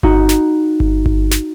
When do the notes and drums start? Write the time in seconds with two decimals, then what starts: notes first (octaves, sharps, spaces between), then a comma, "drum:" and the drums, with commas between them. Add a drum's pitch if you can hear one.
0.03 D#4 F#4, drum: kick G1
0.29 drum: snare
0.80 drum: kick G1
1.06 drum: kick G1
1.31 drum: snare